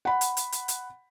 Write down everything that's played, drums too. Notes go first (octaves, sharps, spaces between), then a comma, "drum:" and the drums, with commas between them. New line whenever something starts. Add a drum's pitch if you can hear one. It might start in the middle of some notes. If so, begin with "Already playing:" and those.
F#5 B5
drum: hi-hat
drum: hi-hat
drum: hi-hat
drum: hi-hat